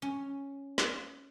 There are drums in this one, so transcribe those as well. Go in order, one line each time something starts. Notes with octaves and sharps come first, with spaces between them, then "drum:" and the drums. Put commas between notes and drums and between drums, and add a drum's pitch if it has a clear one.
C#4
drum: snare